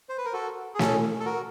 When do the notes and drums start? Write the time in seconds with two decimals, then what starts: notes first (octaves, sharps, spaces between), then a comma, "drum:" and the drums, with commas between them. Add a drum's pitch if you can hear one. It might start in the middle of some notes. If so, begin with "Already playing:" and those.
0.09 C5
0.18 B4
0.25 A#4
0.33 F#4 A4
0.75 G#4
0.79 C#4 A4, drum: snare
1.20 A4
1.25 F#4 A#4